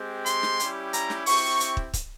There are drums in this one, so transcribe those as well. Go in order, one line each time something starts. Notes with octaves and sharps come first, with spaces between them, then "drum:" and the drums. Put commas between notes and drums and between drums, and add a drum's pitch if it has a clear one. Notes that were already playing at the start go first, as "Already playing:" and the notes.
Already playing: G#3 C4 G4
C6, drum: hi-hat
drum: snare
G3 C#4 E4 G4, drum: hi-hat
A#5, drum: hi-hat
drum: snare
C4 E4 G4 C#6, drum: open hi-hat
drum: hi-hat
drum: kick
drum: kick, hi-hat